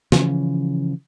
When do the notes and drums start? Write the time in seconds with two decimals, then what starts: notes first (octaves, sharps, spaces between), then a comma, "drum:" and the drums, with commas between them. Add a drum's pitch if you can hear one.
0.12 C#3 E3 F3 C#4, drum: snare